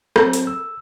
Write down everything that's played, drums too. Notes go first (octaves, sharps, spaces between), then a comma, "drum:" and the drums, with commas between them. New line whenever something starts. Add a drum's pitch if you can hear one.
F#3 C4, drum: rim click
drum: hi-hat
E6